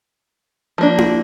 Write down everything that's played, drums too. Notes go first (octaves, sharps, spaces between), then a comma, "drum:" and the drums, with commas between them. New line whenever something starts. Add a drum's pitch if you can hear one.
F3 A#3 D4
drum: tom E4